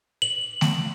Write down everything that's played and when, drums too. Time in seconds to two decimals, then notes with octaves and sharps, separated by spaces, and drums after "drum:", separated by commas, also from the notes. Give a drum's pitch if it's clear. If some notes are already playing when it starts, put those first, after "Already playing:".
0.22 F#7
0.61 drum: snare A3